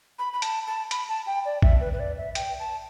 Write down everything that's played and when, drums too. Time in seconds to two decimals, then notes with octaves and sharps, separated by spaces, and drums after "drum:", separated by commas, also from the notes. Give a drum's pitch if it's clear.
0.19 B5
0.33 B5
0.42 A5, drum: hi-hat
0.67 A5
0.91 B5, drum: hi-hat
1.09 A5
1.27 G5
1.45 D5
1.62 E5, drum: kick A1
1.81 B4
1.93 B4
2.00 D5
2.17 E5
2.35 G5, drum: hi-hat
2.59 A5